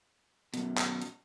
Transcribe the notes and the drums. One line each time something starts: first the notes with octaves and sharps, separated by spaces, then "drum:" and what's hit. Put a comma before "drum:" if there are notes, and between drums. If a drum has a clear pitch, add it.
F#2 B2, drum: hi-hat
drum: clap
drum: hi-hat